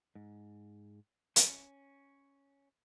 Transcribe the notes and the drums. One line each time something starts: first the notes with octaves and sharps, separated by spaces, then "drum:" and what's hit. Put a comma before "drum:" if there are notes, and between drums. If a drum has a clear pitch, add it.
G#2
C#4, drum: hi-hat